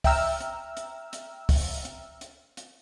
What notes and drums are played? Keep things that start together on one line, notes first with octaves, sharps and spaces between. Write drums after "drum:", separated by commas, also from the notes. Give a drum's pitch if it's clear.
E5 G5 A#5 E6 F6, drum: kick, open hi-hat
drum: hi-hat
drum: hi-hat
drum: hi-hat
drum: kick, open hi-hat
drum: hi-hat
drum: hi-hat
drum: hi-hat